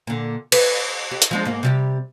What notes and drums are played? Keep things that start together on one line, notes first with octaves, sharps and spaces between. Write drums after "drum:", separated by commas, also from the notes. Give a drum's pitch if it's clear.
A#2 D3
B4, drum: cymbal
G4
drum: hi-hat
F3 G#3 D4
G#2 A#3
C3 G3 G4